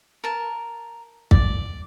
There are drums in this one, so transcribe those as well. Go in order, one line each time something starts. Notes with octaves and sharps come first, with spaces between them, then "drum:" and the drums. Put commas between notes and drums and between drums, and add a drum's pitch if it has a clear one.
A#4 A5
D5, drum: kick